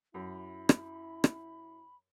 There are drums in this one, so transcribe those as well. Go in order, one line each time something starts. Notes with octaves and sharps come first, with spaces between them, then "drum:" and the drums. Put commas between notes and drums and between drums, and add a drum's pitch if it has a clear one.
F#2 E4 B5
drum: rim click
drum: rim click